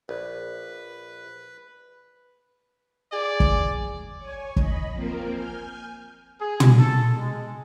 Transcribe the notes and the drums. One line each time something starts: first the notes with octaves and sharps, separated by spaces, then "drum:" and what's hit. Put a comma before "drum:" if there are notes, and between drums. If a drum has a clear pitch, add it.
A#1 B4
G#4 D5
drum: kick
C#5 G#5
D#5 B5, drum: kick
F3 A#3 C4 A#4
G#5 F6 G6
G#4
drum: tom
A4
G#3